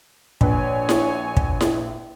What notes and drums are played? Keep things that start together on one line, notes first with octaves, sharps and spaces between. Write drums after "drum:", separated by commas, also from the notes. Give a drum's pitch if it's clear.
A#1 B4 C#5 G#5, drum: kick
drum: snare E4
drum: kick
drum: snare E4